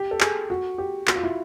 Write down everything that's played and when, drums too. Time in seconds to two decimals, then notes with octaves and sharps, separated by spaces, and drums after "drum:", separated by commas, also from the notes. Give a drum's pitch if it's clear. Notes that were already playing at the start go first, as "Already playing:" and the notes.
Already playing: G4
0.11 A4
0.21 G#4, drum: clap
0.50 F#4
0.78 G4
1.07 F#4, drum: clap
1.16 F4
1.24 E4